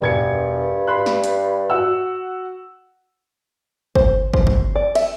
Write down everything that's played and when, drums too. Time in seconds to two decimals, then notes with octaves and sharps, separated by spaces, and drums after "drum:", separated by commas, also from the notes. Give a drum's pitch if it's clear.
0.02 E1 G2 G#6 C#7, drum: tom
0.87 B5 C6 F#6
1.06 drum: snare
1.24 drum: hi-hat
1.70 F#4 F#5 E6
3.95 C5, drum: kick
4.34 C5, drum: kick
4.47 drum: kick
4.75 D5
4.95 E5, drum: cymbal